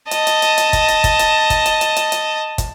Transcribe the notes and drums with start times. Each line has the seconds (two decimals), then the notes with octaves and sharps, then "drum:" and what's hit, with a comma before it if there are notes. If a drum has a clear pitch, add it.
0.11 D#5 A5, drum: hi-hat
0.27 drum: hi-hat
0.42 drum: hi-hat
0.58 drum: hi-hat
0.73 drum: kick, hi-hat
0.88 drum: hi-hat
1.04 drum: kick, hi-hat
1.19 drum: hi-hat
1.50 drum: kick, hi-hat
1.66 drum: hi-hat
1.81 drum: hi-hat
1.96 drum: hi-hat
2.12 drum: hi-hat
2.58 drum: kick, hi-hat